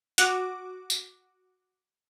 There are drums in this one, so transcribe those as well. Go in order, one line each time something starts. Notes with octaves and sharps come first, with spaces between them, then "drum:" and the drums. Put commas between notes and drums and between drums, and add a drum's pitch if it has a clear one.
F#4 D6, drum: hi-hat
drum: tambourine